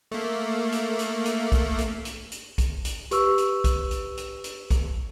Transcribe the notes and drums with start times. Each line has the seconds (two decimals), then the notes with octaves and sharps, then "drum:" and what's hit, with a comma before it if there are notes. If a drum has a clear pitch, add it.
0.12 A3 A#3
0.72 drum: hi-hat
0.99 drum: hi-hat
1.25 drum: hi-hat
1.52 drum: kick B1, hi-hat
1.78 drum: hi-hat
2.05 drum: hi-hat
2.32 drum: hi-hat
2.58 drum: kick B1, hi-hat
2.85 drum: hi-hat
3.11 G4 B4 C#6 E6, drum: hi-hat
3.38 drum: hi-hat
3.64 drum: kick B1, hi-hat
3.91 drum: hi-hat
4.17 drum: hi-hat
4.44 drum: hi-hat
4.70 drum: kick B1, hi-hat